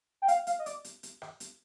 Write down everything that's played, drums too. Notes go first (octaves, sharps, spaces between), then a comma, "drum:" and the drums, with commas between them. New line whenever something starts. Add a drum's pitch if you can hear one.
G5
F5, drum: hi-hat
F5, drum: hi-hat
D#5
D5, drum: hi-hat
drum: hi-hat
drum: hi-hat
drum: rim click
drum: hi-hat